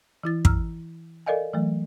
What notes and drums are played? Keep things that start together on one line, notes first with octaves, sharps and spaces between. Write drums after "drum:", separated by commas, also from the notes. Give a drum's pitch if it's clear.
E3 E4 A6
A#5 E6 F6, drum: kick
A4 A#4 D5 D#5 F5 G#5
E3 F#3 A3